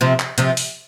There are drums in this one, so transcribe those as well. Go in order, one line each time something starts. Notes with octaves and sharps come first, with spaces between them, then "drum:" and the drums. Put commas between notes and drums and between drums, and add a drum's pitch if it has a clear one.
C3 F3
drum: clap
C3 F3, drum: hi-hat
drum: open hi-hat